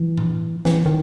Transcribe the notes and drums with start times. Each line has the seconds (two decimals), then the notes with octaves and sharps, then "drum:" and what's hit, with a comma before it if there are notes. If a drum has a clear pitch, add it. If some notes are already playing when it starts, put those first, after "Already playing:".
Already playing: E3
0.17 drum: tom A2
0.65 E3, drum: snare
0.86 D#3